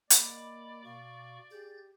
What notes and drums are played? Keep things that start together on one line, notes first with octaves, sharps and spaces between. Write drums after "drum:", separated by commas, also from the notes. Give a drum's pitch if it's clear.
A#3 D5 D#5 B5 D6, drum: hi-hat
B2 F5 C#6
G4 G#4 G6 A6